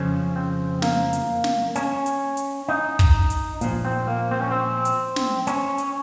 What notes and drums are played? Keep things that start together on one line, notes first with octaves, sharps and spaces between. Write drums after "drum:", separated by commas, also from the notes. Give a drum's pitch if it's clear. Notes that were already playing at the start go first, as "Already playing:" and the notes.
Already playing: F2 C#3 F3 C#4
C4
A#3, drum: snare
drum: hi-hat
drum: snare
C#4, drum: hi-hat
drum: hi-hat
drum: hi-hat
D#4
drum: kick, hi-hat
drum: hi-hat
A#2 F3, drum: hi-hat
C4
A#3
C4
C#4
C4
drum: hi-hat
drum: snare
C#4, drum: hi-hat
drum: hi-hat